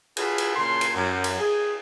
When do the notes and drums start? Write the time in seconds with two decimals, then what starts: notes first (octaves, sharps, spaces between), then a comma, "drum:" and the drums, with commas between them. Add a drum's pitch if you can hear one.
0.17 D4 F4 F#4 G#4 A4 B4, drum: cymbal
0.38 drum: cymbal
0.56 A#2 C#3 A5 C6
0.81 drum: cymbal
0.95 F#2
1.24 drum: cymbal
1.39 G#4